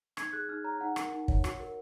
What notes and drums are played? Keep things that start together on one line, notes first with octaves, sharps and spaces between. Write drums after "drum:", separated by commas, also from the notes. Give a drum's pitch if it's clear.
D#4 G#6, drum: rim click
G#4 F#6
D#4 F6
C#5 A#5
D#4 F#5
A#4, drum: rim click
D#4
C#5, drum: kick
F#4, drum: rim click
A#4